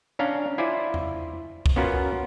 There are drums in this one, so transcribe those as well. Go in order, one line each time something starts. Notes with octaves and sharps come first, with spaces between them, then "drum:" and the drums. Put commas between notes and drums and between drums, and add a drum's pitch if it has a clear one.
C#4 D4 F5 A#5
E4 F4 C5 D5 G#5
drum: tom E2
drum: kick
B3 C#4 F4 F#4 A#4